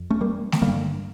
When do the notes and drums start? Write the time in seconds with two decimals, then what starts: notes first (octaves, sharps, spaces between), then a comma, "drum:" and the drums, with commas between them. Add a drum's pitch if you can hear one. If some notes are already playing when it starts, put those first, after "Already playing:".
Already playing: F2
0.10 A3 C#4
0.21 G3 A#3
0.52 drum: snare A3
0.62 G2 D3 G3 A#3